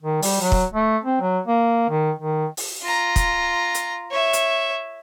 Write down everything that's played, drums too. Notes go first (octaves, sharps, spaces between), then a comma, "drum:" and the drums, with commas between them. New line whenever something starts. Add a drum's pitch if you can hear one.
D#3
G3, drum: open hi-hat
F#3
drum: kick
A3
C4
F#3
A#3
D#3
D#3
drum: open hi-hat
F4 A#5
drum: kick, hi-hat
drum: hi-hat
C#5 E5
drum: hi-hat